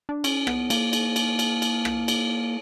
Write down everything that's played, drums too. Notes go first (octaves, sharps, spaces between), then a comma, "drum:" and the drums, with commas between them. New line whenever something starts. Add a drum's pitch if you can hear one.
D4
C#4, drum: cymbal
B3, drum: rim click
A#3, drum: cymbal
drum: cymbal
drum: cymbal
drum: cymbal
drum: cymbal
drum: rim click
drum: cymbal